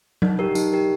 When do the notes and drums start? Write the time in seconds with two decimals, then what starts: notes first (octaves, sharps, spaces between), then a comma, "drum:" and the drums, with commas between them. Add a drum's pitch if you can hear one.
0.22 D#4, drum: tom F#3
0.39 G4 A#4
0.55 D#4, drum: tambourine
0.73 G4 A#4